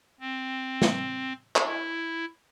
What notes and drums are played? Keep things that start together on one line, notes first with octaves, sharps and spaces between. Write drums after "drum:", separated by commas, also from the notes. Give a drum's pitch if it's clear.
C4
drum: snare
drum: clap
E4